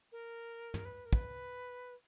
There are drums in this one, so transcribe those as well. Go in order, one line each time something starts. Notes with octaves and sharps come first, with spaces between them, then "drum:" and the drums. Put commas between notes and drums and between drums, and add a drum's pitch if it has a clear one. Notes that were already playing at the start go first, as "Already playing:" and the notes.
A#4
drum: tom
B4
A#4
B4, drum: kick